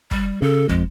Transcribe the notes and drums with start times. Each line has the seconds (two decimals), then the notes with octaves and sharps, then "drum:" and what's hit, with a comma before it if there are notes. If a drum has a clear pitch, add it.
0.11 G3, drum: kick
0.42 C#3 A4
0.69 F2 G#3, drum: kick